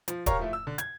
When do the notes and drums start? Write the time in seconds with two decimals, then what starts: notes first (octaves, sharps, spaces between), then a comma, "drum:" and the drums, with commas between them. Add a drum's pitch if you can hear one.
0.08 F3, drum: hi-hat
0.26 G4 A#4 C#5 F5 A#5 C#6, drum: kick, hi-hat
0.39 F3 A3 E4
0.53 E6
0.67 D3
0.78 G#6, drum: hi-hat